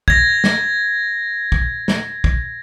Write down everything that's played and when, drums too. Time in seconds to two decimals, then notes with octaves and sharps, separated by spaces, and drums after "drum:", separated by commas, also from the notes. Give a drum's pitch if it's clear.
0.08 G#6 A#6, drum: kick
0.44 drum: snare
1.52 drum: kick
1.88 drum: snare
2.24 drum: kick